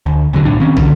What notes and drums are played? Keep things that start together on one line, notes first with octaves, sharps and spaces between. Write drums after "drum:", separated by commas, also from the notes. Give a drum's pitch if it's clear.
D2
C2 F2 D3 F#3
B1 A2 D4
D#3 C4 C#4
G2 D3, drum: kick